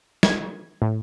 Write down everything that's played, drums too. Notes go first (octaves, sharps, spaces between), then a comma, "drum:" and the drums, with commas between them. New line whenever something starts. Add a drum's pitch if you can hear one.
G#6, drum: snare
A2